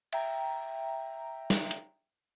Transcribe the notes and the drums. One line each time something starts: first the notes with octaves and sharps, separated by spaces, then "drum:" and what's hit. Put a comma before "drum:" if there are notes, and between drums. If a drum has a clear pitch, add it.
E5 G5 A#5, drum: cymbal
drum: snare
drum: hi-hat